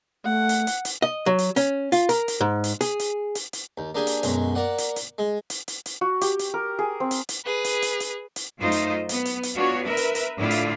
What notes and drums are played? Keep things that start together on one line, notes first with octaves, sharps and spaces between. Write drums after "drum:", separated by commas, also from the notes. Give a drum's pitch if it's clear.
A3 F#5
drum: hi-hat
drum: hi-hat
drum: hi-hat
D#5
F#3
drum: hi-hat
C#4, drum: hi-hat
F4, drum: hi-hat
A#4, drum: hi-hat
drum: hi-hat
G#2
drum: hi-hat
G#4, drum: hi-hat
drum: hi-hat
drum: hi-hat
drum: hi-hat
D#2
A#3 D4 G4 G#4
drum: hi-hat
B1 F#2 G#3, drum: hi-hat
A#3 D5 F#5
drum: hi-hat
drum: hi-hat
G#3
drum: hi-hat
drum: hi-hat
drum: hi-hat
F#4
G4, drum: hi-hat
drum: hi-hat
A#4
G#4
C4
drum: hi-hat
drum: hi-hat
G#4 B4
drum: hi-hat
drum: hi-hat
drum: hi-hat
drum: hi-hat
F#2 A3 D#4 F4 C5 D#5
drum: hi-hat
B3, drum: hi-hat
drum: hi-hat
drum: hi-hat
B3 D4 F4 F#4 C#5
A#4 B4 E5
drum: hi-hat
drum: hi-hat
A2 D3 D4 E4 F4
drum: hi-hat